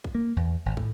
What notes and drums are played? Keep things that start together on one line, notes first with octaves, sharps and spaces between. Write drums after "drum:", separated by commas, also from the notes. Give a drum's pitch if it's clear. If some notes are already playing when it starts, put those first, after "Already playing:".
drum: kick
A#3
E2
G#1
A2, drum: kick